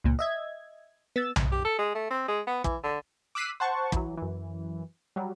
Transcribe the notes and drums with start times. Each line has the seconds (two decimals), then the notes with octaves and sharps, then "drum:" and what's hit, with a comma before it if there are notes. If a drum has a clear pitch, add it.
0.04 C#2 A#2
0.19 D#5 E5 G#6
1.16 B3 E6 A6
1.36 drum: tom B1
1.52 G4
1.65 A4
1.79 G#3
1.95 A3
2.11 C4
2.28 G#3
2.47 B3
2.64 E3, drum: kick
2.84 D3
3.35 D6 E6 F#6 B6 C7 D#7
3.60 C5 F#5 A5 C#6
3.92 E3 F#3, drum: kick
4.17 F#2 E3
5.16 F#3 G3